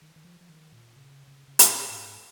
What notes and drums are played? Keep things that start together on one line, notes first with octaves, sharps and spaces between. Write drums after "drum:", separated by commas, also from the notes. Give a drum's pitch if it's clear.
D#3
D#3
F3
F3
D#3
A#2
C#3
C#3
C#3
A#2, drum: hi-hat
G#2